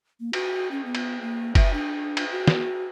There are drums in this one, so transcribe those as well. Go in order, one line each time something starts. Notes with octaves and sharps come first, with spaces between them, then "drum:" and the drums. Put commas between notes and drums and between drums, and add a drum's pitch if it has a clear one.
A#3
F#4, drum: cymbal
C#4
B3
drum: cymbal
A#3
E5, drum: kick, cymbal
D4
drum: cymbal
F#4
drum: snare